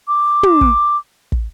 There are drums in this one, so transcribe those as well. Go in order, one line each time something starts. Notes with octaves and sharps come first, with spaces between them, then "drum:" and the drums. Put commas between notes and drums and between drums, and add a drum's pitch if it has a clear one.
D6
drum: tom
drum: kick
drum: kick